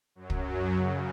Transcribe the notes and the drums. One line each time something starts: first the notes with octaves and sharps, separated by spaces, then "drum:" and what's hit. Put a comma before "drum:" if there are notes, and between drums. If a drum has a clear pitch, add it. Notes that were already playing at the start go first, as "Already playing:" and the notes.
F#2 F#3
drum: kick
C#3